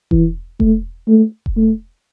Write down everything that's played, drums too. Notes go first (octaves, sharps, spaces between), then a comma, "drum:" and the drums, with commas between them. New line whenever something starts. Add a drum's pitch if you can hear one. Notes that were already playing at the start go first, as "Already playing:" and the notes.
E3, drum: kick E1
A3, drum: kick E1
A3
drum: kick E1
A3